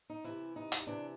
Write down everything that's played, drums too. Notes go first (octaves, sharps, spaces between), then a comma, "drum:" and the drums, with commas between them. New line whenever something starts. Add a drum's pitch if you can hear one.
D#4
C3 E3 E4
D#4
drum: hi-hat
C3 E3 D4